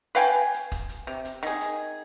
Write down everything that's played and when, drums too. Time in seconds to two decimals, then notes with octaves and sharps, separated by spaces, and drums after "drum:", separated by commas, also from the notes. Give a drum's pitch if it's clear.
0.15 B4 F5 G5 G#5
0.54 drum: hi-hat
0.72 drum: kick, hi-hat
0.89 drum: hi-hat
1.07 C3
1.25 drum: hi-hat
1.43 D#3 G#4, drum: hi-hat
1.61 drum: hi-hat